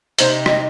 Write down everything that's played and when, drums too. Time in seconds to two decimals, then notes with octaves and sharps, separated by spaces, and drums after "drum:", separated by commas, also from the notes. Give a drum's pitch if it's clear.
0.19 C3 G3 D#4 G4 C5, drum: hi-hat
0.46 D#5, drum: rim click